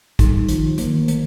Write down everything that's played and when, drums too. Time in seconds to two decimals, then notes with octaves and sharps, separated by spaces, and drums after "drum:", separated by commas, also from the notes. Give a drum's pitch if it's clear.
0.19 G3 D#4, drum: kick, hi-hat
0.48 D#3 F3, drum: hi-hat
0.78 D#3 A#3, drum: hi-hat
1.08 D#3, drum: hi-hat